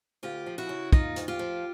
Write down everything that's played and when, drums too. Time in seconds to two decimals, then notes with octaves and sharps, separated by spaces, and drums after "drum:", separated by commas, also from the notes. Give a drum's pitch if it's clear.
0.23 D2 F4 G4
0.46 F3
0.58 E4 F#4
0.69 C#3
0.93 A#3 D#4 F4, drum: kick
1.16 D2, drum: hi-hat
1.28 F4 G4
1.39 F3